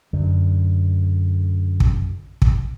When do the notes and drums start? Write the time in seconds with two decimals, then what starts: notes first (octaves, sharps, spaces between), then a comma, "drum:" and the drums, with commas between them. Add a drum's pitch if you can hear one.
0.13 F#2 D3
1.80 drum: kick
2.42 drum: kick